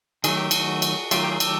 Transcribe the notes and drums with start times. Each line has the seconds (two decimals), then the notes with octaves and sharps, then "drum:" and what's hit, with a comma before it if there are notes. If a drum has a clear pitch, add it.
0.24 D#3 F#3 A3 G#4, drum: cymbal
0.37 G4
0.51 F#4 G#4, drum: cymbal
0.82 drum: cymbal
1.11 D#3 F#3 A3 F4 G4, drum: cymbal
1.24 G4
1.32 G#4
1.40 G4 A4, drum: cymbal